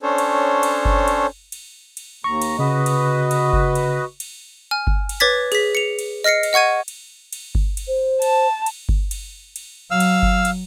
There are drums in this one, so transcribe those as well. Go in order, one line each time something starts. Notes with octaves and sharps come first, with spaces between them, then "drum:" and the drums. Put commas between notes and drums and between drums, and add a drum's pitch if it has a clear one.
C#4 D4 A4 C5 C#5
drum: cymbal
drum: cymbal
drum: kick G1
drum: cymbal
drum: cymbal
drum: cymbal
D#2 A#5 C#6
drum: cymbal
C#3 F#4 B4 D#5
drum: cymbal
drum: cymbal
drum: kick G1
drum: cymbal
drum: cymbal
G#5 F6
drum: kick G1
drum: cymbal
B4 C#5 D6 G#6 A6 B6
G#4 B6, drum: cymbal
C#7 F7
drum: cymbal
D#5 F6 A#6 C7 C#7
drum: cymbal
D#5 F#5 C#6 G#6 D#7
drum: cymbal
drum: cymbal
drum: kick G1
drum: cymbal
C5
A5, drum: cymbal
drum: cymbal
drum: kick G1
drum: cymbal
drum: cymbal
F#3 F5 E6 F6
drum: cymbal
drum: kick G1
drum: cymbal